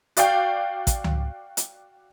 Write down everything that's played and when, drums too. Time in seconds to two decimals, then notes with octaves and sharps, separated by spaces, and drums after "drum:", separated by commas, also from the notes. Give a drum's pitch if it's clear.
0.17 F#4 D5 F5 G5, drum: hi-hat
0.87 drum: kick, hi-hat
1.04 drum: tom C#2
1.57 drum: hi-hat